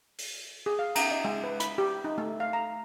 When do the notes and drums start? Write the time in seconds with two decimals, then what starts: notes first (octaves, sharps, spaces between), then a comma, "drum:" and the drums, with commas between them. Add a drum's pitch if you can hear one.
0.18 drum: open hi-hat
0.66 G#4
0.79 F5
0.95 A#5, drum: cymbal
1.11 D#5
1.25 G#3
1.44 B4
1.60 B5, drum: hi-hat
1.78 G4
2.04 D#4
2.18 A3
2.40 F5
2.53 A#5